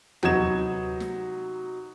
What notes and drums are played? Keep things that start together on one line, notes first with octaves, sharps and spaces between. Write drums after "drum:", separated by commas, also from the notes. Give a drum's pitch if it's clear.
C3 F#3 B3 D#4 G#6 E7, drum: tom D#2
drum: snare